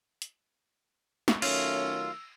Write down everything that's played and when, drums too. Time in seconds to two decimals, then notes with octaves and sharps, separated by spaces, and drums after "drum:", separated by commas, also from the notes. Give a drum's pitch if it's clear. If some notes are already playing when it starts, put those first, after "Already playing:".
0.22 drum: hi-hat
1.28 drum: snare
1.42 D#3 F#3 A3 C#4 F4 E6, drum: cymbal